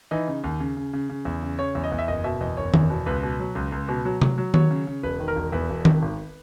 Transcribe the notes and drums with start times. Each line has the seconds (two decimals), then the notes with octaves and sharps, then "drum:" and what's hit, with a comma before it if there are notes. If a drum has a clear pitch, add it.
0.11 E3 D#4
0.28 C#3
0.44 D#2
0.60 C#3
0.77 C#3
0.93 C#3
1.09 C#3
1.25 E2
1.43 C#3
1.59 C#3 C#5
1.75 E2
1.83 D#5
1.92 E2
1.98 E5
2.08 F#1 D#5
2.24 B2 E5
2.41 E2 D#5
2.57 F#1 C#5
2.74 E2, drum: tom D#3
2.90 B2
3.06 C#2 B4
3.23 B2
3.40 F#3
3.55 C#2
3.72 C#2
3.89 B2
4.05 F#3
4.22 F#3, drum: tom C3
4.38 F#3
4.54 F#3 C#5, drum: tom D#3
4.71 C#3
4.87 C#3
5.03 E1 B4
5.20 D#3
5.28 A#4
5.36 E1
5.52 E2 B4
5.70 E1
5.85 D#3, drum: tom D#3
6.02 G#1